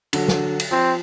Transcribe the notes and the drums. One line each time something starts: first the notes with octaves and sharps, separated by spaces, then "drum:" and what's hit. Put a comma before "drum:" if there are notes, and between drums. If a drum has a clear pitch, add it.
D3 F#3, drum: cymbal
drum: snare
drum: cymbal
F3 C4